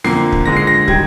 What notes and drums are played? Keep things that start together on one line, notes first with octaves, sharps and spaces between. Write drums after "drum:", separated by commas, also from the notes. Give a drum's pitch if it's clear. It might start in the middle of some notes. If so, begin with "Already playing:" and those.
F2 D3 F3 A#3 C7, drum: snare
drum: kick
D3 F3 G#3 A#6
C7
A#6
D#3 G3 G#6, drum: kick